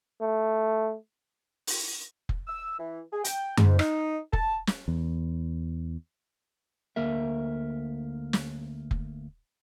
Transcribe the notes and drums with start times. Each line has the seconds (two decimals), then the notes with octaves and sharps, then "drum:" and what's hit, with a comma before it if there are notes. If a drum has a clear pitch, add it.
0.21 A3
1.67 drum: open hi-hat
2.29 drum: kick F1
2.48 E6
2.78 E3
3.12 G#4
3.24 G5, drum: hi-hat
3.57 G#2, drum: tom F#2
3.79 D#4, drum: rim click
4.33 A5, drum: kick F1
4.67 drum: snare
4.88 E2
6.96 D2 A#3 A#4 E5
8.33 drum: snare
8.91 drum: kick F1